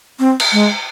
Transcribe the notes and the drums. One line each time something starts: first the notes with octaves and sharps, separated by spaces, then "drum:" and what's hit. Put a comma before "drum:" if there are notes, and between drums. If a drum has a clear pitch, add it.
C4
drum: cymbal
G#3